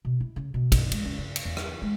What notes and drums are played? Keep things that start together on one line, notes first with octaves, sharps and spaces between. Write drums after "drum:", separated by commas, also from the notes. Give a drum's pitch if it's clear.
B2
E4
C#3
B2
B1, drum: kick, cymbal
G#3, drum: cymbal
C#2
C#3
drum: cymbal
E2
drum: rim click
G#3